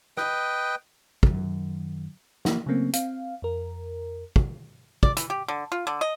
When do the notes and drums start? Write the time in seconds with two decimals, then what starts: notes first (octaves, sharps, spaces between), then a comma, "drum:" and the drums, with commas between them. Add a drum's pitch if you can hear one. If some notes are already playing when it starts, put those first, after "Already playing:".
0.17 B4 D#5 G5, drum: rim click
1.23 F#2 D#3, drum: kick
2.45 E3 F3 A#3 E4, drum: snare
2.66 C#3 F#3 A3 A#3 C4 C#4
2.93 C4 F5, drum: hi-hat
3.42 F2 A#4
4.36 drum: kick
5.03 D5, drum: kick
5.17 E3, drum: hi-hat
5.30 G4
5.48 D3
5.72 F4
5.87 D3
6.01 D#5